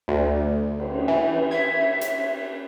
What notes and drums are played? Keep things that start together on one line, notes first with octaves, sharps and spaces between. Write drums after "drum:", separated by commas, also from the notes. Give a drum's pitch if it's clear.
D2
drum: cymbal
E3
E5 G#6
drum: hi-hat